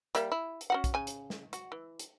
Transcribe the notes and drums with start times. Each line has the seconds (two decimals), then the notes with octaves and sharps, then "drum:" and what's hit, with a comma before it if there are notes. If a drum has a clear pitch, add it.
0.15 G3 A#3 E5, drum: hi-hat
0.32 E4
0.61 drum: hi-hat
0.70 C#4 F#4 F#5
0.84 drum: kick, hi-hat
0.94 C#3 G#5
1.07 drum: hi-hat
1.30 drum: snare
1.53 F#4, drum: hi-hat
1.72 E3
1.99 drum: hi-hat